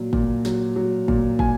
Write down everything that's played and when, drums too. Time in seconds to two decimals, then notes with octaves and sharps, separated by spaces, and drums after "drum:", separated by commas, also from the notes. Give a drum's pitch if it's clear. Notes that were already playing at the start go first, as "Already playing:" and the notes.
Already playing: A#2 F#3
0.13 A#2, drum: kick
0.45 F#3, drum: snare
0.76 F#3
1.08 A#2, drum: kick
1.39 A#2 G#5, drum: kick